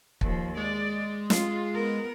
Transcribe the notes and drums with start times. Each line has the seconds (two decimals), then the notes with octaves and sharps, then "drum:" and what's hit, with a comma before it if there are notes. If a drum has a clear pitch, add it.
0.21 D#2 F3, drum: kick
0.57 G#3 D5
1.30 F4, drum: snare
1.74 B3 A#4